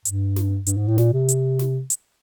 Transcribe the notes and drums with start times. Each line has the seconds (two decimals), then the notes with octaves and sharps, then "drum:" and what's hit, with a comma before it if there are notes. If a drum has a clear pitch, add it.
0.05 G2, drum: hi-hat
0.36 drum: snare
0.66 G2, drum: hi-hat
0.77 G#2
0.88 A2
0.98 A#2, drum: snare
1.13 C3
1.28 drum: hi-hat
1.59 drum: snare
1.90 drum: hi-hat